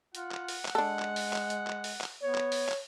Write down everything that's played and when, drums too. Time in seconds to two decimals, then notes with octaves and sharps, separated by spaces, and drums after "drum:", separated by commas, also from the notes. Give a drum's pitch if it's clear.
0.15 F4 F#5, drum: hi-hat
0.32 drum: clap
0.48 drum: open hi-hat
0.65 drum: clap
0.75 G#3 D4 A4 F#5
0.99 drum: clap
1.16 drum: open hi-hat
1.33 drum: clap
1.50 drum: hi-hat
1.67 drum: clap
1.84 drum: open hi-hat
2.01 drum: clap
2.23 B3 C#5
2.35 drum: clap
2.52 drum: open hi-hat
2.69 drum: clap